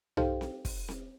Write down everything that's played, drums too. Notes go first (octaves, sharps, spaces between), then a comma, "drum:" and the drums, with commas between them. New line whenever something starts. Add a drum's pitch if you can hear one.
D#4 G4 A4 C5 F5 G5, drum: tom B1
drum: snare C4
drum: kick, open hi-hat
drum: snare C4